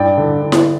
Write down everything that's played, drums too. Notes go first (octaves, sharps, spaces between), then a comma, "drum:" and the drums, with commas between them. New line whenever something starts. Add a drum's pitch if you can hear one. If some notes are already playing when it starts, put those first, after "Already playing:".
Already playing: G2 D5 G5
D3
D3
drum: snare E4